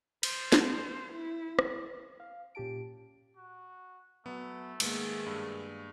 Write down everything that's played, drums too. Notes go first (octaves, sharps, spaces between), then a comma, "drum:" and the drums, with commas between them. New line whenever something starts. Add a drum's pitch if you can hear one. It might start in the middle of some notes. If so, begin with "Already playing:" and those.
C5, drum: cymbal
drum: snare
E4
drum: rim click
F5
A#2 C#4 G4 A5 D7
F#4
F#3 A3 B3 E5
G#2 D#3 G#3 A#3 B3 G#4, drum: cymbal
G2